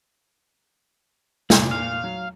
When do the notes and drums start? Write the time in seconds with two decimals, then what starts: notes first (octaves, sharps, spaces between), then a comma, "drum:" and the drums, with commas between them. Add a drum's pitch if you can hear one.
1.50 C2 A#2, drum: snare
1.71 F5
2.04 F#3